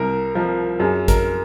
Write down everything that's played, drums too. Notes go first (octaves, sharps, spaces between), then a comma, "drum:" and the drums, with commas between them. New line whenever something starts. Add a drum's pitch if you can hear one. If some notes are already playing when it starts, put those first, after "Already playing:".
Already playing: C2 A#4
F3 A#4
F#2 G#4
A#4, drum: kick A1, hi-hat